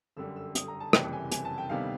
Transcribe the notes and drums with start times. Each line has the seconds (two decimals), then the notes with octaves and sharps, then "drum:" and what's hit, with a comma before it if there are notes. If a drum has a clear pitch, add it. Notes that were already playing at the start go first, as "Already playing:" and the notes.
0.17 G1 F#2 D3 G3 E6
0.36 E6
0.55 D#6, drum: hi-hat
0.68 A#5
0.80 A5
0.93 F#1 F2 C3 E3 G3 G5, drum: rim click
1.13 G#5
1.31 G#5, drum: hi-hat
1.45 A5
1.58 G5
1.70 D2 C3 D#3 G3 B3 F5